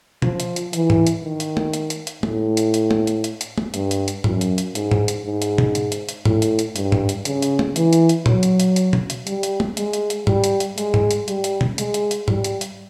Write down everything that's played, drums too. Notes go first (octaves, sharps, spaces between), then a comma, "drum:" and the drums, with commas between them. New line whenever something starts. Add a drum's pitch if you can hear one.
F3, drum: tom B2
drum: hi-hat
drum: hi-hat
E3, drum: hi-hat
drum: tom G#2
drum: hi-hat
D#3
drum: hi-hat
drum: tom
drum: hi-hat
drum: hi-hat
drum: hi-hat
A2, drum: tom
drum: hi-hat
drum: hi-hat
drum: tom
drum: hi-hat
drum: hi-hat
drum: hi-hat
drum: tom
G2, drum: hi-hat
drum: hi-hat
drum: hi-hat
F#2, drum: tom G#2
drum: hi-hat
drum: hi-hat
G#2, drum: hi-hat
drum: tom G#2
drum: hi-hat
G#2
drum: hi-hat
drum: tom B2
drum: hi-hat
drum: hi-hat
drum: hi-hat
A2, drum: tom G#2
drum: hi-hat
drum: hi-hat
G2, drum: hi-hat
drum: tom G#2
drum: hi-hat
C#3, drum: hi-hat
drum: hi-hat
drum: tom
E3, drum: hi-hat
drum: hi-hat
drum: hi-hat
F#3, drum: tom
drum: hi-hat
drum: hi-hat
drum: hi-hat
drum: tom B2
drum: hi-hat
G3, drum: hi-hat
drum: hi-hat
drum: tom
G#3, drum: hi-hat
drum: hi-hat
drum: hi-hat
G3, drum: tom G#2
drum: hi-hat
drum: hi-hat
G#3, drum: hi-hat
drum: tom G#2
drum: hi-hat
G3, drum: hi-hat
drum: hi-hat
drum: tom B2
G#3, drum: hi-hat
drum: hi-hat
drum: hi-hat
G3, drum: tom G#2
drum: hi-hat
drum: hi-hat